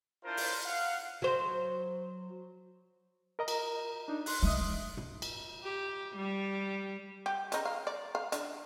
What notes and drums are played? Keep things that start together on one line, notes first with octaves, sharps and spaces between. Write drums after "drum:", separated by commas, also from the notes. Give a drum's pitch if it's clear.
D4 E4 F4 A#4 C5
drum: open hi-hat
F5 F#5
F#3 C5
A#4 D#5 A#5
drum: cymbal
D4 D#4
C6 F#6, drum: open hi-hat
G#3 D#5 E5 D#6
drum: tom
drum: cymbal
G4
G3
G4
C#3 D#4, drum: hi-hat
F5
D5
F5
D4, drum: hi-hat